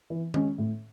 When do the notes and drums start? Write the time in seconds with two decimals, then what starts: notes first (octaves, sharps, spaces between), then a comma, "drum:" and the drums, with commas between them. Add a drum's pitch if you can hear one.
0.10 E3
0.34 G#3 C#4, drum: tom D#3
0.58 A2